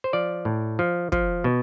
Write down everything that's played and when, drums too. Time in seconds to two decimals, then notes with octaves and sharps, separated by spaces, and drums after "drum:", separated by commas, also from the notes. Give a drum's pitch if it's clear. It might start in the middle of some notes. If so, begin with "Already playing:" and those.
0.04 C5
0.13 F3 D5
0.45 A2
0.79 F3
1.12 F3, drum: kick
1.44 B2